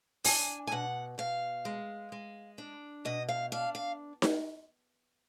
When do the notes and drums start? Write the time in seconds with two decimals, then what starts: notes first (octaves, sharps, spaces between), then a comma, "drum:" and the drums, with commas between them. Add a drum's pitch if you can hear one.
0.24 D4 G#5, drum: open hi-hat
0.67 G#5
0.72 B2 F#5
1.18 B2 F5
1.65 G#3
2.12 G#3
2.58 D4
3.05 B2 D#5
3.29 F5
3.52 D4 F5
3.75 F5
4.22 drum: snare D#4